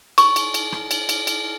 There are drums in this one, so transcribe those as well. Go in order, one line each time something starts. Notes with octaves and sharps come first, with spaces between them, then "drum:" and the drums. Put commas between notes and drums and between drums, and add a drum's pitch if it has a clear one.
C#6, drum: cymbal
drum: cymbal
drum: cymbal
drum: rim click
drum: cymbal
drum: cymbal
drum: cymbal